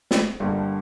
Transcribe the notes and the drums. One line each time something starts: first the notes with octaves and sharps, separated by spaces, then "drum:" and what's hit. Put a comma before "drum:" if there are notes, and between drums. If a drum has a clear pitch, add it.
drum: snare
G1 G2 D3 G3 A#3